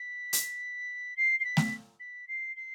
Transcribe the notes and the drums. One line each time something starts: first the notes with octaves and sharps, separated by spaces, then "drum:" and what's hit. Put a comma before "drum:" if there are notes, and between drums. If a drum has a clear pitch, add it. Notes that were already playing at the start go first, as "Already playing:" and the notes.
Already playing: B6
drum: hi-hat
C7
C7
B6
drum: snare A3
B6
C7
C7